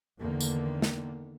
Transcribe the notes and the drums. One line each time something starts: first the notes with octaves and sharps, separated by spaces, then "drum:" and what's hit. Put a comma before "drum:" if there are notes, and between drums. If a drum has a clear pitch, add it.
E2 D3 D#3 A#3
drum: tambourine
drum: snare